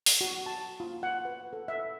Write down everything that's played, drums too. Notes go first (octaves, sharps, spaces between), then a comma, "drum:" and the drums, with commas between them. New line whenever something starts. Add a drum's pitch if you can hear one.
drum: open hi-hat
F#4
A5
F4
F#5
B4
A4
E5